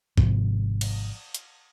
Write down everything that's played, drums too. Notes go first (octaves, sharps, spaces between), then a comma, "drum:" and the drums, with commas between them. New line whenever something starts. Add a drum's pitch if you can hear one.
G#1 G#2 C3 F3, drum: kick
drum: cymbal
drum: hi-hat